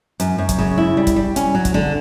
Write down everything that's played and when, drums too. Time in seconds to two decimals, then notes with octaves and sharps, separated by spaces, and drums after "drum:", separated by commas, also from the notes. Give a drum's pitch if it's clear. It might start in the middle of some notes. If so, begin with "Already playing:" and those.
0.20 F#2, drum: hi-hat
0.38 F#2
0.49 drum: kick, hi-hat
0.58 C#3
0.78 E4
0.97 G3
1.07 drum: kick, hi-hat
1.16 G3
1.36 C#4, drum: hi-hat
1.54 F#3
1.65 drum: kick, hi-hat
1.74 D3